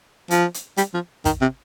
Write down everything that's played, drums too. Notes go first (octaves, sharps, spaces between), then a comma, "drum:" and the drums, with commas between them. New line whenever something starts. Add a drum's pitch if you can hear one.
F3, drum: hi-hat
drum: hi-hat
G3, drum: hi-hat
F3
D#3, drum: kick, hi-hat
C3